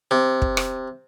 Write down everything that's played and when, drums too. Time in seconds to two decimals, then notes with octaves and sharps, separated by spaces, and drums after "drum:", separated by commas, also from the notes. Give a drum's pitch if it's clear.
0.11 C3
0.42 drum: kick
0.57 drum: rim click